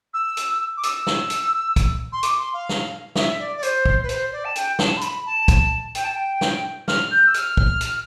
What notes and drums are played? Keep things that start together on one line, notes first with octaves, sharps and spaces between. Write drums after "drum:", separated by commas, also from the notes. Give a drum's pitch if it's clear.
E6
drum: hi-hat
D6
E6, drum: hi-hat
drum: snare
drum: hi-hat
drum: kick, hi-hat
C6
D6, drum: hi-hat
C6
F5
drum: snare
E5, drum: snare
D5
D5
C5, drum: hi-hat
drum: kick
B4
C5, drum: hi-hat
D5
A5
G5, drum: hi-hat
A5, drum: snare
C6
B5, drum: hi-hat
A5
drum: kick, hi-hat
G5, drum: hi-hat
A5
G5
drum: snare
F6, drum: snare
G6
E6
F6, drum: hi-hat
drum: kick
drum: hi-hat